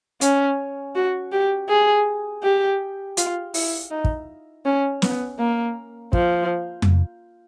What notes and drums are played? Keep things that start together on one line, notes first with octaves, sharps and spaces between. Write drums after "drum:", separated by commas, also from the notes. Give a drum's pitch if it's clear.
C#4, drum: hi-hat
F#4
G4
G#4
G4
F4, drum: hi-hat
E4, drum: open hi-hat
D#4
drum: kick
C#4
B3, drum: snare
A#3
F3, drum: kick
drum: tom F2